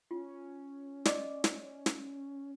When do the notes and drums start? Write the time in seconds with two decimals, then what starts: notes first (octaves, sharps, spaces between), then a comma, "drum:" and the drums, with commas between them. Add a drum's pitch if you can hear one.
0.11 C#4 F4
1.05 D5 D#5 D6, drum: snare
1.44 drum: snare
1.86 drum: snare